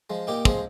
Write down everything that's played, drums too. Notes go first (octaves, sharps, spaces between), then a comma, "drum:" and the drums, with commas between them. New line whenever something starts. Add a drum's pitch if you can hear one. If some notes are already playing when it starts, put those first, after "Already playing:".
F3 G#3
A#2 D#4 G4
F3 G#3 G#4 C5, drum: kick